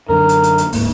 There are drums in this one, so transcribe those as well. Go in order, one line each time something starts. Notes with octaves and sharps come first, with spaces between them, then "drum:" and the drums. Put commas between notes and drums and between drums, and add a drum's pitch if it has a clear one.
F#2 D3 A#4
drum: hi-hat
drum: hi-hat
drum: hi-hat
D1 G#2 A#3, drum: open hi-hat